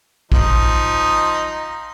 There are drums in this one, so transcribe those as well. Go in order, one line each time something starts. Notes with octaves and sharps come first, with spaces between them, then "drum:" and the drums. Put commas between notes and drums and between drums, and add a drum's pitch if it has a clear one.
F3 D#4, drum: kick